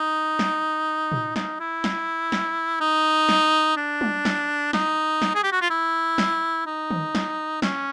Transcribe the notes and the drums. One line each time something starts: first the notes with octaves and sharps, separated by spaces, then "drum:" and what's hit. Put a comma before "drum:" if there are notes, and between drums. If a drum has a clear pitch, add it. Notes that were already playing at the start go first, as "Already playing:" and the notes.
Already playing: D#4
drum: snare
drum: tom
D#4, drum: snare
E4
drum: snare
drum: snare
D#4
drum: snare
D4
drum: tom
drum: snare
D#4, drum: snare
drum: snare
G#4
G4
F#4
F4
E4
drum: snare
D#4
drum: tom
drum: snare
C#4, drum: snare